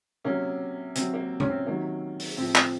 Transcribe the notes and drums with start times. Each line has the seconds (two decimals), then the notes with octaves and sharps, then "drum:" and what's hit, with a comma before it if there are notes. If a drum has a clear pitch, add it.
0.24 C3 F#3 A#3 C#4
0.95 C3 F#3 C4, drum: hi-hat
1.14 A#3
1.40 C#4, drum: tom
1.49 C4
1.66 C3 D#3 F#3 A#3
2.20 drum: open hi-hat
2.37 A2 F3 C4
2.55 C4, drum: clap